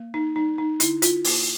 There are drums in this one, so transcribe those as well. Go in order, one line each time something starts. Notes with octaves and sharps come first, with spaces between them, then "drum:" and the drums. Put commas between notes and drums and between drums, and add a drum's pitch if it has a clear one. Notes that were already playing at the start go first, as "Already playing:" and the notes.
Already playing: A#3
D#4
G3 D#4
D#4
D3 E4, drum: hi-hat
F4, drum: hi-hat
A#3, drum: open hi-hat